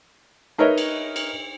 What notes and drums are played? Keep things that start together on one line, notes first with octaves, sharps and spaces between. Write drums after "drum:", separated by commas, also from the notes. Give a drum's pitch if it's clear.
D#4 A#4 B4 C#5 D#5 E5
drum: cymbal
drum: cymbal